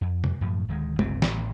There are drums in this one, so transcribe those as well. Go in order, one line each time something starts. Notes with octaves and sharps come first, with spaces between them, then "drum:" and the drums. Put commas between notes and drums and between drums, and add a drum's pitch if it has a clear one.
F2
drum: tom
F#2 A2 F3
D1 D#3 G#3
G1 C#2 C3 C4, drum: tom
A1, drum: snare